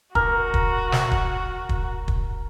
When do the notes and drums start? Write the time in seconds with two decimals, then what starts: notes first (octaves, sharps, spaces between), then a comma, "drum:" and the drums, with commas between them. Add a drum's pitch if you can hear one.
0.15 F#4 A#4, drum: kick
0.54 drum: kick
0.92 drum: snare
1.11 drum: kick
1.69 drum: kick
2.08 drum: kick